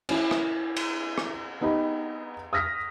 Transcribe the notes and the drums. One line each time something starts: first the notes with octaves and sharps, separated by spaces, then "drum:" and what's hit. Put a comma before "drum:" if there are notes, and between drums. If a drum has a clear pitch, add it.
C#4 E4, drum: cymbal
drum: rim click
drum: cymbal
drum: rim click
B3 D#4 G4 D#5 B5
D#6 F6 A#6 B6